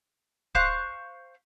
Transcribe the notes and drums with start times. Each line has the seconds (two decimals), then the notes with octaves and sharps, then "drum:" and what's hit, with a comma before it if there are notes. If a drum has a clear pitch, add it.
0.55 C5 F5 C#6 F#6, drum: kick